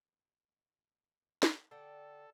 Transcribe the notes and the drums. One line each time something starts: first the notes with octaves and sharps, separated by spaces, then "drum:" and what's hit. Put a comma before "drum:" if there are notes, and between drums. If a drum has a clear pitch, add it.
drum: snare
D3 A4 F#5 G5